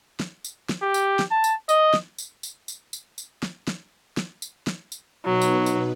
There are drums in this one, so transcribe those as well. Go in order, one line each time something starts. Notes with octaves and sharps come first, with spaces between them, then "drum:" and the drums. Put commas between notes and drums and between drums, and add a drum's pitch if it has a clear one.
drum: snare
drum: tambourine
drum: snare
G4
drum: tambourine
drum: snare
A5
drum: tambourine
D#5, drum: tambourine
drum: snare
drum: tambourine
drum: tambourine
drum: tambourine
drum: tambourine
drum: tambourine
drum: snare
drum: snare
drum: snare
drum: tambourine
drum: snare
drum: tambourine
B2 F#3 D#4 B4
drum: tambourine
drum: tambourine